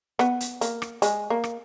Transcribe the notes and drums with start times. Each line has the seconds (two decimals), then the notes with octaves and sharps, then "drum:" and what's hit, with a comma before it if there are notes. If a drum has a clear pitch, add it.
0.19 B3, drum: rim click
0.40 drum: hi-hat
0.61 A#3, drum: hi-hat
0.82 drum: rim click
1.02 G#3, drum: hi-hat
1.30 A#3
1.44 drum: rim click